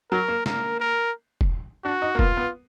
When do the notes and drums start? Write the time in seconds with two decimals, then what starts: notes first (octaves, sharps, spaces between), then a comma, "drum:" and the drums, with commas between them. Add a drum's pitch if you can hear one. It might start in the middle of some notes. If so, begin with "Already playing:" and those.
0.11 F#3 A#4
0.28 A#3
0.46 A#3 A#4, drum: snare
0.80 A#4
1.41 drum: kick
1.84 D4 F#4
2.02 D#4
2.15 A#3
2.19 B3 F4, drum: kick
2.37 B3